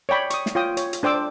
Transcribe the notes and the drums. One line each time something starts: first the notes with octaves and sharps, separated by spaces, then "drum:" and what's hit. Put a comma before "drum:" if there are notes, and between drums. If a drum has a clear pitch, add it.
C#5 D5 G5 B5
C#6 D#6, drum: hi-hat
drum: snare
F4 C#5 G5 D#6
C#5, drum: hi-hat
drum: hi-hat
D4 C5 G5 D6 E6
C5